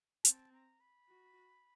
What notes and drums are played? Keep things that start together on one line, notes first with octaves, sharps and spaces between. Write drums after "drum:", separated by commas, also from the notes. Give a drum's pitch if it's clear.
C4 A5, drum: hi-hat
A#5
B5
F#4